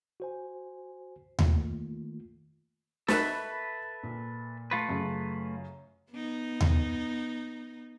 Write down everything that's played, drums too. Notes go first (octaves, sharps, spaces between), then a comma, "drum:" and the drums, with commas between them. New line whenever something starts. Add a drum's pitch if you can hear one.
F#4 C5 G#5
D#3 A3 A#3 F4, drum: tom D#2
A4 B4 E5 B5 C#6 F#6, drum: snare
A#2
A3 F4 B4
F#2 C#3
B3 D#4
drum: tom D#2